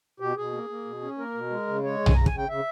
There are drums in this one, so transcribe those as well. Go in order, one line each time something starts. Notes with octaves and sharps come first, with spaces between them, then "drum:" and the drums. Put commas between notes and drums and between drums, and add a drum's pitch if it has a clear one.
B2 G4
B2 G#4
A#3
A#3
B2
C#4
A#3 A#4
B2
G#3
C#3
G#3 C#5
C#3
G#5, drum: tom B1
C#3 A#5
G#5, drum: kick
C#3
G5
C#3 E5